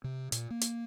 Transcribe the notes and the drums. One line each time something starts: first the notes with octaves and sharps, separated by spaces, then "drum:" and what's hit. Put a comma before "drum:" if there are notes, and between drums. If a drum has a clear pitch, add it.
C3
A#2, drum: hi-hat
A#3
drum: hi-hat